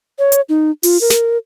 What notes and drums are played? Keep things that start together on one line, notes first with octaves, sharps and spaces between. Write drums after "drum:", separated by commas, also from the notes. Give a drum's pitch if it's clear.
C#5
drum: hi-hat
D#4
F4, drum: open hi-hat
A#4
drum: snare